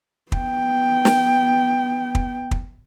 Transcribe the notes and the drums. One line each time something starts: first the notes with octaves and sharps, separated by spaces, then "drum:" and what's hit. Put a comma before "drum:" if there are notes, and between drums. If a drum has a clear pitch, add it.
B3 G5, drum: kick
drum: snare
drum: kick
drum: kick